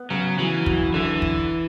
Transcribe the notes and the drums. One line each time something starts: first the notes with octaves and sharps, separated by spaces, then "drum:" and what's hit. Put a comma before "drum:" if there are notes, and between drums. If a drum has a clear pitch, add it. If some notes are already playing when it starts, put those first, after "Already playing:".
Already playing: B3
C#3 F#3
E3 F#3
F#3, drum: kick
D3 E3
drum: kick